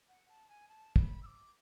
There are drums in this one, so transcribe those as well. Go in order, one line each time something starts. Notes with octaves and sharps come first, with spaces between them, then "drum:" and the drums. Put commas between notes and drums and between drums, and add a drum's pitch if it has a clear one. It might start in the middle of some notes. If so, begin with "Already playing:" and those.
F#5
A5
G#5
A5
B5, drum: kick
E6
D6